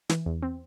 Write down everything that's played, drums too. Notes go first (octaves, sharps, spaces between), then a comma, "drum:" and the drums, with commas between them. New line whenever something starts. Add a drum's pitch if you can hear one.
E3, drum: snare
E2
C4